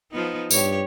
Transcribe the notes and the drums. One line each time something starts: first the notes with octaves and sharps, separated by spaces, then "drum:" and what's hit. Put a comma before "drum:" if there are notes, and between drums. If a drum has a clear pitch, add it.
F3 B3 D#4
G2 G4 C#5, drum: tambourine